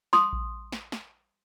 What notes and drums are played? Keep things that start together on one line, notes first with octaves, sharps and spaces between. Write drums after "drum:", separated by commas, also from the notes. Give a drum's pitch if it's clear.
C6 D#6, drum: snare
drum: kick A#1
drum: snare
drum: snare